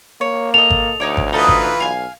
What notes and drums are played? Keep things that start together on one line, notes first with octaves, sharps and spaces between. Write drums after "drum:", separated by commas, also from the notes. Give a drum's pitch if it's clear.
A#3 C#5
A4 D#5 F7
drum: kick G#1
D2 D#4 C#5 D5
drum: kick G#1
E3 D#4 F4 A4 B4 D#5
drum: kick G#1
B1 F5 G#5